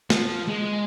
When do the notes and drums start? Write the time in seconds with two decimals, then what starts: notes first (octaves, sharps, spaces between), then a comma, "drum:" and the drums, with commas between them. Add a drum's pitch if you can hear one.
0.10 F3, drum: snare A#3
0.48 G#3